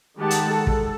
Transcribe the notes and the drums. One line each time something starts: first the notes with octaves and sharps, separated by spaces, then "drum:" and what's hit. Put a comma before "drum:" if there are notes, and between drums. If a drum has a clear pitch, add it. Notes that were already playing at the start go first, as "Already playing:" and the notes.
D#3 G#3 G4 F#5 A5
drum: hi-hat
A4
drum: kick